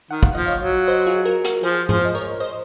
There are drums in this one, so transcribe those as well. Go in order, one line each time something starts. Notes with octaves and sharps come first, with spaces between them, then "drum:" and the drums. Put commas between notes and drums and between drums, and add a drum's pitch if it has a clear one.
D#3 F#5
F5, drum: kick
F3 D#5
C#5 F5
F#3
C5 D#5
F4 G#4
F#4 A#4
F#4 A#4, drum: hi-hat
F3 G#4 C5
F3 G#4 C5, drum: tom G#2
D#5
A#4 C#5
C5 D#5